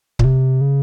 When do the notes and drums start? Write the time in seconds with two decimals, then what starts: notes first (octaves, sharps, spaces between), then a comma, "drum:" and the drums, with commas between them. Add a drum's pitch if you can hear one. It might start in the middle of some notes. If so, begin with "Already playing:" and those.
0.19 A#2, drum: kick C#1
0.24 C3
0.61 C#3